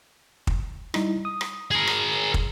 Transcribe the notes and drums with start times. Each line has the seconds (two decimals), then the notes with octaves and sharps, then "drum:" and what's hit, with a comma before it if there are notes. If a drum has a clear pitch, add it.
0.47 drum: kick
0.94 G3 D#4 E4, drum: rim click
1.25 D#6
1.41 drum: rim click
1.71 G#4 A#4
1.87 drum: rim click
2.34 drum: kick